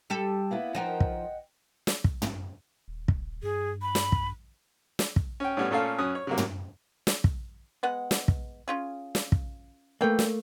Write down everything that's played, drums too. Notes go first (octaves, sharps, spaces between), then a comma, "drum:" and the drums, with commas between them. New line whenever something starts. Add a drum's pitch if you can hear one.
G3 G4 A4
A#3 B3 E4
F3 D#4 A#4 D#5 F#5 G5
drum: kick
drum: snare
drum: kick
drum: tom
D#1
drum: kick
G2 G#4
B5
drum: snare
drum: kick
drum: snare
drum: kick
C#4 G5
A2 G3 B3 C#4
A#2 A3 C#4 A4 F5
F#2 C#4 D#6 F#6
C#5
C3 F#3 A#3
drum: tom
drum: snare
drum: kick
G#3 B3 F#5
drum: snare
drum: kick
C#4 F4 G#4
drum: snare
drum: kick
E3 A3 A#3 G5
drum: snare